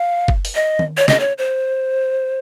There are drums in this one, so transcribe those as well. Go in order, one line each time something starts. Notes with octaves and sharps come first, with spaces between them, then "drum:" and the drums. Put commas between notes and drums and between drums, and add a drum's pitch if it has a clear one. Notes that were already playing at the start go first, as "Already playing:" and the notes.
Already playing: F5
drum: kick F#1
drum: open hi-hat
D#5
drum: tom D#3
C#5
D#5, drum: snare
C#5
C5